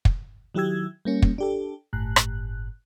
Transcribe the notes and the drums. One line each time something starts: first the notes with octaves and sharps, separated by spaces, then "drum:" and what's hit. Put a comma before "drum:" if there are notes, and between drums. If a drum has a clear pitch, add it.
drum: kick
D#3 F#3 E4 G4 E6 G#6
G3 A#3 C#4
drum: kick
D4 G4 A4
G1 A2 F#6
drum: rim click